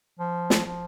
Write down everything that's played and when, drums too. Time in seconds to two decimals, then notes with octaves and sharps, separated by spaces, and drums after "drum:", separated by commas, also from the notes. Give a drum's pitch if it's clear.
0.19 F3
0.50 drum: snare
0.65 F3